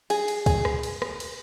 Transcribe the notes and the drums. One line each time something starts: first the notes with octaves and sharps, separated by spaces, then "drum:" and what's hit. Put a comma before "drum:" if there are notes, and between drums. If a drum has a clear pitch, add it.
G#4, drum: cymbal
drum: cymbal
G#4, drum: kick, cymbal
drum: rim click
drum: cymbal
drum: rim click
drum: cymbal